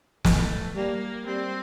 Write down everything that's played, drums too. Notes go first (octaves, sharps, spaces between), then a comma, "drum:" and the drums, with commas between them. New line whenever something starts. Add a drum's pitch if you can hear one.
A3, drum: snare
G3 A#3
G3 C4